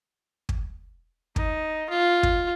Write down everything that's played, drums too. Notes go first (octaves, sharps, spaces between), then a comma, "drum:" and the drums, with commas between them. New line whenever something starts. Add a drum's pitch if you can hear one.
drum: kick
D#4, drum: kick
F4
drum: kick